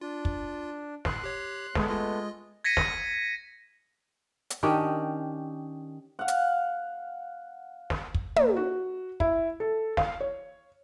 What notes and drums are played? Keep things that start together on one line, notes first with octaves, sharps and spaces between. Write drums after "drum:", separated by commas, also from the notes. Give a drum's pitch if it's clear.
D4 F4
drum: kick
A2 C6 F#6, drum: snare
G4 C#5
G#3 A3 B3, drum: snare
G#3 F4 D#5
G#6 A#6 B6 C#7 D#7
drum: snare
drum: hi-hat
D#3 C#4 D4 G4
F5 F#5
drum: hi-hat
drum: snare
drum: kick
A#3, drum: tom
F#4
E4, drum: kick
A4
F5, drum: snare
C#5